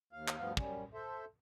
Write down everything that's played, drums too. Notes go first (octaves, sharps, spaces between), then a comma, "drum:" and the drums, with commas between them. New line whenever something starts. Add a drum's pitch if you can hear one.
D#2 F5
drum: clap
D2 G2 F3 B3 F5
F#2 G3 C#4, drum: kick
A4 C5 E5